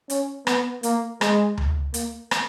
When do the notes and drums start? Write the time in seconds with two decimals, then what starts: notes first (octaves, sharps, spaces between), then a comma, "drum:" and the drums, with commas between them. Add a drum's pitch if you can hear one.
0.10 C#4, drum: hi-hat
0.47 B3, drum: rim click
0.83 A#3, drum: hi-hat
1.21 G#3, drum: rim click
1.58 drum: tom D2
1.94 A#3, drum: hi-hat
2.31 drum: rim click